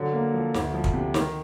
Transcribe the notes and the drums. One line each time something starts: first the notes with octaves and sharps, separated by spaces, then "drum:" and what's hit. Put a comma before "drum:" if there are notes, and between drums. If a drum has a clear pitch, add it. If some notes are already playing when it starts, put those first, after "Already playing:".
Already playing: D3 F#3
A#3
F3
D2, drum: snare
F3
drum: kick
C3
D#3, drum: snare